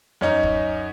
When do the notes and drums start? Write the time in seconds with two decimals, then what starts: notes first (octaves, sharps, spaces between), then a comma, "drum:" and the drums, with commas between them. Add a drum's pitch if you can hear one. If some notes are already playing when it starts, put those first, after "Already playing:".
0.21 F#2 C#4 D#4
0.43 drum: kick